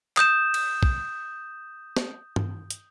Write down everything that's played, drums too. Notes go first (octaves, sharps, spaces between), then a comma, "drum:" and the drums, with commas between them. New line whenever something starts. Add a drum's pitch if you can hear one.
D#6 G6 E7, drum: clap
drum: cymbal
drum: kick
drum: snare
drum: tom G2
drum: hi-hat